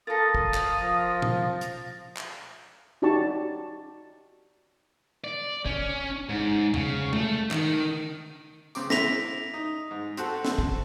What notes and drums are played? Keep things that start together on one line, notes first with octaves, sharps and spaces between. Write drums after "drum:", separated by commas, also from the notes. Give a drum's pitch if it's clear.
A#3 F4 A4 A#4 D#6 A6 A#6
drum: kick
drum: clap
F3
drum: tom A#2
drum: hi-hat
drum: clap
D#4 F#4 G4 D5 A5 C#6
D5
C#4, drum: kick
G#2
C#3, drum: tom E2
A3, drum: tom G#3
D#3, drum: clap
C#3 C4 D6, drum: tambourine
E4 A#6 B6 F7, drum: snare
D#4
G#2
C4 F#4 A4, drum: hi-hat
drum: snare
drum: kick